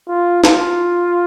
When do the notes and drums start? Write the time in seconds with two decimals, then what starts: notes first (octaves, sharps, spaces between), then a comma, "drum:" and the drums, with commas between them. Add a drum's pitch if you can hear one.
0.09 F4
0.44 F4, drum: snare